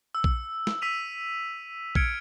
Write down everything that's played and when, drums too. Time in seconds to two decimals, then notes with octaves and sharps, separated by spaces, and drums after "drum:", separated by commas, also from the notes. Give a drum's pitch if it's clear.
0.15 E6
0.24 drum: kick A#1
0.67 drum: snare
0.82 E6 B6 D#7 F7
1.95 F6 G#6 C#7 D7, drum: kick A#1